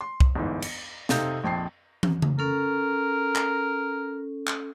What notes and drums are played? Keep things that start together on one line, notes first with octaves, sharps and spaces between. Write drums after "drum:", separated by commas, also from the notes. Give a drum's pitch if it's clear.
C6
drum: kick C2
G1 G#2 E3
C#7, drum: cymbal
C3 C4 D#4 A4 F5 G6, drum: snare
A#1 F2 G5 A5 C7
drum: tom
drum: tom C#3
C#4 A4 A#4
drum: clap
drum: clap